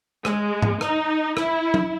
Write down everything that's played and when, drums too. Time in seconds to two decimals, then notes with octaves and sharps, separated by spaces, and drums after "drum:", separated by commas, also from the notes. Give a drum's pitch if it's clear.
0.25 G#3, drum: rim click
0.62 drum: tom G#2
0.81 D#4, drum: rim click
1.37 E4, drum: rim click
1.74 drum: tom